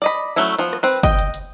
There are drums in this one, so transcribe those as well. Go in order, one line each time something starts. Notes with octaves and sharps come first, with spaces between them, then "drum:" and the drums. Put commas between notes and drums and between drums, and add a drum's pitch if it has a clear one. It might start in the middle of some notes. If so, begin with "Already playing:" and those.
D5 D#5 B5
F#3 A3 C#4 E4
F3 B3, drum: hi-hat
drum: rim click
C4 B4
D#5 G5, drum: kick, hi-hat
drum: hi-hat
drum: hi-hat